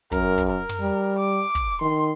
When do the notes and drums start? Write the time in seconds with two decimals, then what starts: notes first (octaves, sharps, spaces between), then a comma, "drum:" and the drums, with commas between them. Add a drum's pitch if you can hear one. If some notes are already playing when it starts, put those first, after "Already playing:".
0.12 F#2 A#4, drum: kick
0.38 drum: kick
0.50 A#4
0.69 drum: tom
0.81 G3
1.19 D6
1.55 drum: kick
1.81 D#3 C6